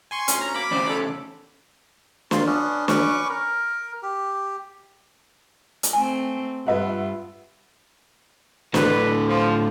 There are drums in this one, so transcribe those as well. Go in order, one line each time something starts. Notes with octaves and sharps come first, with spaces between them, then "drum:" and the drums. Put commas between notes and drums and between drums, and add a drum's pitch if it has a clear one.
G#5 C6 C#6
D2 C#4, drum: hi-hat
A#5
F#3 A#3 B5 D6
E2 C#3 D#4 C5 D5
C#4 A4
F4 C6, drum: snare
B3 C#4 D4
C#4 B4 C#6 D6, drum: snare
A#4
G4
drum: hi-hat
A3 C4 G#5
G2 F4 B4 E5 F#5
A2 D3 B4, drum: snare
F3